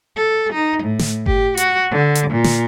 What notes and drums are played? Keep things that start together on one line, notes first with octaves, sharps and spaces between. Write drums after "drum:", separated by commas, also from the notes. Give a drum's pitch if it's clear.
A4
D#4
A2
drum: snare
G4, drum: kick G1
F#4, drum: hi-hat
D3
drum: hi-hat
A#2
drum: snare